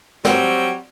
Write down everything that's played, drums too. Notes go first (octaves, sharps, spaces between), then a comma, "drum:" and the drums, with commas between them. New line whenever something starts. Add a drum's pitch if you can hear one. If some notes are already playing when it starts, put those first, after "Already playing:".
F#3 G3 C4 F#4, drum: snare